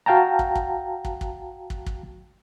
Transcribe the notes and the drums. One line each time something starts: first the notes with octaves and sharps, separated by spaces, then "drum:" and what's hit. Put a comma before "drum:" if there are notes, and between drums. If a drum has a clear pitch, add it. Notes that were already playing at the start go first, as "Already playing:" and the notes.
F#4 F5 G5 A5 A#5
drum: kick
drum: kick
drum: kick
drum: kick
drum: kick
drum: kick